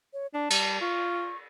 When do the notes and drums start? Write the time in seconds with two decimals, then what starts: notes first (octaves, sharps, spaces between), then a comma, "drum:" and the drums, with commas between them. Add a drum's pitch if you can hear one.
0.13 C#5
0.34 D4 A5
0.50 G3, drum: cymbal
0.81 F4 C#6